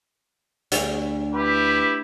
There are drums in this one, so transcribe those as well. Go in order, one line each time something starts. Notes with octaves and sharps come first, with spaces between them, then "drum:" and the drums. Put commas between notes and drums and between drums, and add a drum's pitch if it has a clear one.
D2, drum: hi-hat
E4 G4 B4